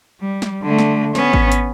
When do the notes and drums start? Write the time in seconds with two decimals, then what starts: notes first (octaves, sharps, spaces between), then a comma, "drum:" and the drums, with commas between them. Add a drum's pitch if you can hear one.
0.21 G3
0.42 drum: snare
0.63 D3 A3
0.79 drum: snare
1.15 B3 C#4, drum: snare
1.33 drum: kick G#1
1.52 drum: hi-hat